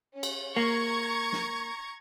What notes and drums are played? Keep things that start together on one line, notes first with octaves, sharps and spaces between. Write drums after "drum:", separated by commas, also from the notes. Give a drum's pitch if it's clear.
C#4
drum: cymbal
A#3 A#5 C#6 G#6
drum: snare